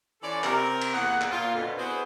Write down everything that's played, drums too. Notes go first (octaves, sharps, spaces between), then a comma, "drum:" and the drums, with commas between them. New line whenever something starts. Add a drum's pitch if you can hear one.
E3 C#4 F4 A4 D5
C3 A#4, drum: clap
drum: cymbal
E2 A#3 G#4 F#5
drum: clap
A#2 F4
F2 B2 D3
B3 E4 F#4 G#4 B4 C5